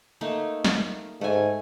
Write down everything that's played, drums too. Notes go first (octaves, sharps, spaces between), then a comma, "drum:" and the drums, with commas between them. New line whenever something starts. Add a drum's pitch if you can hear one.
A3 A#3 D#4
drum: snare
G#2 A3 G#5